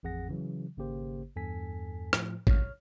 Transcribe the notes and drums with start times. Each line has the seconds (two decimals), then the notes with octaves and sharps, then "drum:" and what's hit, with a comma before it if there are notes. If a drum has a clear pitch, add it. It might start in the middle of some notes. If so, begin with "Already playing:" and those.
0.03 A1 F2 G#4 F#5 A#6
0.29 C#3 E3 F#3
0.77 G#1 C#3 A#3 G4 C5
1.36 E2 G2 A4 G#5 B6
2.13 A2 F3, drum: rim click
2.47 C#5 F6, drum: kick A1